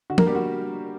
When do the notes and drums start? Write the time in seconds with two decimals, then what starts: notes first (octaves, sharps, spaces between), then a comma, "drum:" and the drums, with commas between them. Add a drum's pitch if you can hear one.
0.10 D3 F#4
0.18 A#3 A#4, drum: tom
0.26 G3 B3 G4
0.35 F#4